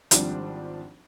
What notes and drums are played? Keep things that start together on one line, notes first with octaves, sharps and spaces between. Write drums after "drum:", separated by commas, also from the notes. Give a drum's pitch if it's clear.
G#1 F3 G3 C4 D4, drum: hi-hat